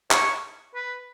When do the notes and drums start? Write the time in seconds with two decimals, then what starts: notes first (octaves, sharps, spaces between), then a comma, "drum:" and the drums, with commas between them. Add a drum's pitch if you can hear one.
0.11 C#5, drum: clap
0.75 B4